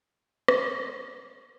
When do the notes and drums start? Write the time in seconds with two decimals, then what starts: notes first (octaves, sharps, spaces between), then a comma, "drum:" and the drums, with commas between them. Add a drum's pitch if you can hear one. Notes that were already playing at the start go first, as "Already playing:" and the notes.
0.11 G1
0.48 B3 C4 A5, drum: rim click
0.85 F3 G3 C4 F#5
1.35 E4